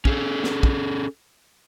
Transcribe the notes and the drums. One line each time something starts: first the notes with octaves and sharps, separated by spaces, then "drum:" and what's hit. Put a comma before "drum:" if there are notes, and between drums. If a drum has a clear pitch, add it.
C#4 G#4 A4, drum: kick
drum: snare
drum: kick